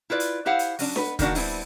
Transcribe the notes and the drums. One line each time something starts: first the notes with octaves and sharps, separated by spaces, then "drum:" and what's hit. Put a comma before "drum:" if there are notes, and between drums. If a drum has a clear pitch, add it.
E4 F4 B4 D5
drum: hi-hat
E4 G4 C5 F5 F#5
drum: hi-hat
F#3 C#4 D4, drum: open hi-hat
B3 B4, drum: snare D4
D#3 A#3 D4 F#4, drum: kick, hi-hat
G3 B3 C4 D4 E4, drum: open hi-hat